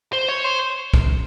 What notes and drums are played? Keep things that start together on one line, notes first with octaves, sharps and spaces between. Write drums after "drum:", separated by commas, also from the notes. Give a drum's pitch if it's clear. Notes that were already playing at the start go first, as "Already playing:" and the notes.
C5
C#5
C5
drum: kick